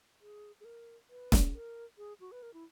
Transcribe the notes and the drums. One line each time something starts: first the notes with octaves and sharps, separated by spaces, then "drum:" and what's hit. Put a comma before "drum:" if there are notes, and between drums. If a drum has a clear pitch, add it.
G#4
G#4
A#4
B4
drum: snare
A#4
G#4
F#4
B4
A#4
E4